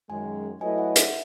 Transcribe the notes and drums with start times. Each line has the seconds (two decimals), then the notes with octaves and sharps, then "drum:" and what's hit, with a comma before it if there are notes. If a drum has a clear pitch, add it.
0.09 F#2 D#3 G#3 G#5
0.61 F#3 A3 E4 B4 D#5 G#5
0.78 F#5
0.96 E5, drum: hi-hat